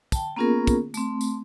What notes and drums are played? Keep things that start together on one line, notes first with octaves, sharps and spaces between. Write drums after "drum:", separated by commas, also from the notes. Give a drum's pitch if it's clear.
G5 A5, drum: kick, tambourine
A#3 B3 C#4 F4 G#4 A#4
drum: kick, tambourine
A3 C4, drum: tambourine
drum: tambourine